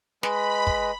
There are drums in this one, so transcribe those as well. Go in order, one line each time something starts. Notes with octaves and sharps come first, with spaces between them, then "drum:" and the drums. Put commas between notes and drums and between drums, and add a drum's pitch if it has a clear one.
G#3 B4 D#5 B5, drum: snare
drum: kick